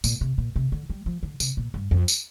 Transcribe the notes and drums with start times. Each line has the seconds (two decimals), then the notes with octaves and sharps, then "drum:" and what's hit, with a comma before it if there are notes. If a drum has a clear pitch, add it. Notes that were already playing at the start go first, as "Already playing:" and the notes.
0.04 A#2, drum: tambourine
0.21 C3
0.38 A#2
0.56 C3
0.72 D3
0.90 G3
1.06 F3
1.23 D3
1.40 C3, drum: tambourine
1.57 A#2
1.74 G2
1.91 F2
2.08 drum: tambourine